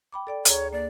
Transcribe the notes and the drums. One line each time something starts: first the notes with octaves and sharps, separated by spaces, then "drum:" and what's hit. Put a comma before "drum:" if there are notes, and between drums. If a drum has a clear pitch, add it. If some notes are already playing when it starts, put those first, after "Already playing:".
G5 B5 D6
A4 D5 G5
D2 G#4 C#5 A#5, drum: hi-hat
A#3 D5